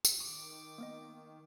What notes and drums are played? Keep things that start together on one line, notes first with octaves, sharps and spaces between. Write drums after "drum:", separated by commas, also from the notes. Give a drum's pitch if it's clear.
drum: tambourine
D#3 C#6 D6
A#3 B3 D#5